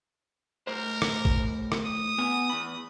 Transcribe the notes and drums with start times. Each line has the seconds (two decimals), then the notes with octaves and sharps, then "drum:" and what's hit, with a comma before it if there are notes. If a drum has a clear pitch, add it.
0.67 A2 A#4 C5
1.02 drum: rim click
1.25 drum: kick
1.72 drum: rim click
1.85 D#6
2.18 B3 F#5 G#5
2.50 E2 B5